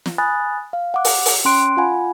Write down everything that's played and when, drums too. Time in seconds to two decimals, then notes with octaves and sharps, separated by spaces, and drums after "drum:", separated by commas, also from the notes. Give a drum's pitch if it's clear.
0.06 drum: snare
0.18 G#5 B5 D#6 F#6 A6
0.73 F5
0.94 F#5 D6 F#6
1.05 drum: open hi-hat
1.26 drum: open hi-hat
1.45 C#4 G5 C6 F#6 D7
1.77 F4 F5 F#5 G#5 B5